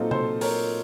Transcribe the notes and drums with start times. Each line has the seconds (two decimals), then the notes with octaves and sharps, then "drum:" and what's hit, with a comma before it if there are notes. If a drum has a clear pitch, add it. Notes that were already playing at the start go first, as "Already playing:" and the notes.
Already playing: A#2 F#3 C4 D#4 F4 A4
0.11 A4 C5, drum: tom C3
0.41 A#4 C#5, drum: open hi-hat